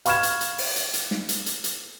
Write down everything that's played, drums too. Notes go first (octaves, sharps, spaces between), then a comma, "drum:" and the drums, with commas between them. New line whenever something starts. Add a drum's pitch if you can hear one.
F5 B5 C#6 F6 G#6 E7, drum: hi-hat
drum: hi-hat
drum: hi-hat
drum: open hi-hat
drum: hi-hat
drum: hi-hat
drum: snare
drum: hi-hat
drum: hi-hat
drum: hi-hat